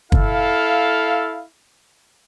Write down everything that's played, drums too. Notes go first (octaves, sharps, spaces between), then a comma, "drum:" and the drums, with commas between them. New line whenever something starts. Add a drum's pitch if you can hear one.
E4 A4 F5, drum: kick